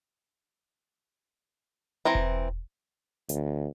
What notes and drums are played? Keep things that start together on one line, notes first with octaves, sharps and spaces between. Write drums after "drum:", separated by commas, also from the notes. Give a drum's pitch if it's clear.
E3 C4 A#5
drum: kick E1
D2, drum: hi-hat